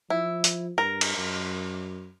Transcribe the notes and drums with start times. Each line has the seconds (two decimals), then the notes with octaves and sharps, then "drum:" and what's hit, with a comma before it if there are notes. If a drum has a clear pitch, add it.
0.10 F3 E4
0.44 drum: hi-hat
0.78 G2 A#4
1.01 drum: cymbal
1.18 F#2